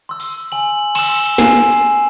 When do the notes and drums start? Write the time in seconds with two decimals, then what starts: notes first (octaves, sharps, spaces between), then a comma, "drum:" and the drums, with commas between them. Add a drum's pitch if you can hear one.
0.09 C6 E6
0.20 drum: open hi-hat
0.52 G#5 F#7
0.95 C6 E6 E7, drum: cymbal
1.38 G#5 C7, drum: snare